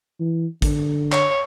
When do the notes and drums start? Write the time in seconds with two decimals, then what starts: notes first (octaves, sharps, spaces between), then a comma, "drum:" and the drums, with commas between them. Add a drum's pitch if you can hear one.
0.20 E3
0.62 D3, drum: kick, hi-hat
1.12 C#5, drum: clap